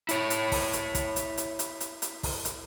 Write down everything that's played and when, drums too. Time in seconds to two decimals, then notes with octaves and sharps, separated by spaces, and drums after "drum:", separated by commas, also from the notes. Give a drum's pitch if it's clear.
0.09 E4 C#5, drum: hi-hat
0.30 drum: hi-hat
0.52 drum: kick, open hi-hat
0.73 drum: hi-hat
0.95 drum: kick, hi-hat
1.16 drum: hi-hat
1.37 drum: hi-hat
1.59 drum: hi-hat
1.80 drum: hi-hat
2.02 drum: hi-hat
2.23 drum: kick, open hi-hat
2.45 drum: hi-hat